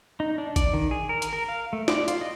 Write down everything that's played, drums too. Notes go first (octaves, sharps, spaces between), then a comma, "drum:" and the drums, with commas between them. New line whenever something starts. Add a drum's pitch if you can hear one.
D#4
D4
D5, drum: kick, hi-hat
D#3
G#4
A#4
drum: hi-hat
A#4
F5
A3
D5, drum: snare
F4, drum: hi-hat
D#5